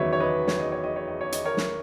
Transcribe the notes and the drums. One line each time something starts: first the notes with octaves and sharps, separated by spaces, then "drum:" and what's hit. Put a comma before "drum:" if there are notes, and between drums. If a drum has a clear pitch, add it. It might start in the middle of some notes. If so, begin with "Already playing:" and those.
Already playing: F#1 E2 D#3 F#3 B4 C#5 D#5 E5
C#5
B4 D#5
C#5, drum: snare
D#5
C#5
D#5
C#5
D#5
C#5
D#5, drum: hi-hat
A#4 C#5
drum: snare